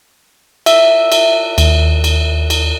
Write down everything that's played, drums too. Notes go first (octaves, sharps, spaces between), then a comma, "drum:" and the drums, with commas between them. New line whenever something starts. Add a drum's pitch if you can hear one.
E5, drum: cymbal
drum: cymbal
D#2, drum: cymbal
drum: cymbal
drum: cymbal